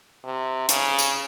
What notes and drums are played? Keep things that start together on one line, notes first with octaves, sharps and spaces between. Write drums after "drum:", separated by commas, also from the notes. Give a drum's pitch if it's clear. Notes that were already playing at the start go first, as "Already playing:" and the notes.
C3
C#3, drum: hi-hat
drum: tambourine